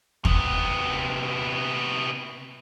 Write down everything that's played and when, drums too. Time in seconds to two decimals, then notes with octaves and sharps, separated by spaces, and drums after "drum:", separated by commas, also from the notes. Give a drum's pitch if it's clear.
0.25 C3 B3, drum: kick